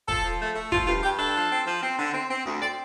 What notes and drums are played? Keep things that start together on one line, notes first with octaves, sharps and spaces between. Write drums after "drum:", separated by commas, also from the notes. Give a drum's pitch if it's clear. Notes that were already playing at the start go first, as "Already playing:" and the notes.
F3 A4, drum: kick
F3
A3
A3
F3 F4, drum: kick
G2 F4
G2 G4
D4 A4
F3
C4
F3
C4
D3
C4
C4
D2
C4 D5